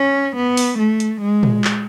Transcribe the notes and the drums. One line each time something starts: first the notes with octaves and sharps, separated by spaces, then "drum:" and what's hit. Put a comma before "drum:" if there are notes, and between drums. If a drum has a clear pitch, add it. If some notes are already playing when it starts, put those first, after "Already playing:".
Already playing: C#4
B3
drum: open hi-hat
A3
drum: hi-hat
G#3
drum: tom A#2
drum: clap